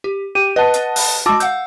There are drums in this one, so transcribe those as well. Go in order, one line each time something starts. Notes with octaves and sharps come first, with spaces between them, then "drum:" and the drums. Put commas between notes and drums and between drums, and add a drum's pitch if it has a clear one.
G4
G4 D#7
B4 D#5 F#5 A5
drum: hi-hat
drum: open hi-hat
G#3 F#4 A5 D6 E6
F5 F#5 E6 G6, drum: hi-hat